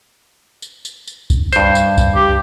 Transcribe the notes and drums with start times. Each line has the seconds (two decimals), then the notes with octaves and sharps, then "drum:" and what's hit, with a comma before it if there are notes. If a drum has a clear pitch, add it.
0.62 drum: tambourine
0.85 drum: tambourine
1.07 drum: tambourine
1.30 drum: kick, tambourine
1.53 G2 C5, drum: tambourine
1.75 drum: tambourine
1.98 drum: kick, tambourine
2.15 G4